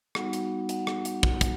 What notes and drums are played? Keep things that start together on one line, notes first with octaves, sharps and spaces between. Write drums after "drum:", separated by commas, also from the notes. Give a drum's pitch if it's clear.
G3 B3 D#4 F#4 F#5, drum: rim click
drum: hi-hat
F#5, drum: hi-hat
drum: rim click
drum: hi-hat
drum: kick
drum: kick, hi-hat